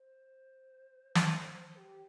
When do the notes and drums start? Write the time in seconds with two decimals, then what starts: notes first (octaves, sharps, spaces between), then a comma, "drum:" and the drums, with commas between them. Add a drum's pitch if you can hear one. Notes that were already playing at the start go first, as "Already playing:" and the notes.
Already playing: C5
1.15 drum: snare
1.76 G4